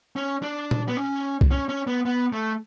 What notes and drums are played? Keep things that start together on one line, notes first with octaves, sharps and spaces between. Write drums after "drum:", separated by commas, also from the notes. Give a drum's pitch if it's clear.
C#4
D4
drum: tom A#2
B3
C#4
drum: kick C2
C#4
C#4
B3
B3
A3